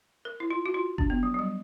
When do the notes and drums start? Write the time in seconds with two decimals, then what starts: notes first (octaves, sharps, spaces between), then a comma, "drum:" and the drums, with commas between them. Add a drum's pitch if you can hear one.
0.25 A#4
0.40 E4
0.50 F4
0.66 F#4
0.74 F4
0.98 D4, drum: kick F#1
1.10 B3
1.23 F#3
1.34 F#3
1.39 G3